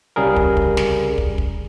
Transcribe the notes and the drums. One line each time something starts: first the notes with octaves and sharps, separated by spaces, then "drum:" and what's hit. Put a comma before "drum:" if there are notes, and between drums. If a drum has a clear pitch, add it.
C2 C#3 G3 G#4 A#4
drum: kick
drum: kick
drum: snare
drum: kick
drum: kick